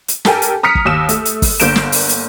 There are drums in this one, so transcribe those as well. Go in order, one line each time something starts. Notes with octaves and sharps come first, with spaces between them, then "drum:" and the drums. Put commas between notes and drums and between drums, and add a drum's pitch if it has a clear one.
drum: hi-hat
G4 A4 A#4 G5 G#5, drum: snare
drum: hi-hat
A#5 D#6 F6 B6 C#7
drum: kick
D#2 D#6 E6 E7
A3, drum: hi-hat
drum: hi-hat
drum: kick, open hi-hat
G1 D3 A#3 G6 D7 E7, drum: hi-hat
drum: snare
drum: open hi-hat
drum: hi-hat